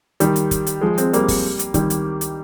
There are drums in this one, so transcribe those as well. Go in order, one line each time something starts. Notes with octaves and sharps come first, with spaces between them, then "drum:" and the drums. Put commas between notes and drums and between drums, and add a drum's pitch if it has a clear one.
D#3 G3, drum: hi-hat
drum: hi-hat
drum: kick, hi-hat
drum: hi-hat
F3 G#3
G#3 C4, drum: hi-hat
G3 A#3, drum: hi-hat
drum: kick, open hi-hat
drum: hi-hat
D#3 G3, drum: kick, hi-hat
drum: hi-hat
drum: hi-hat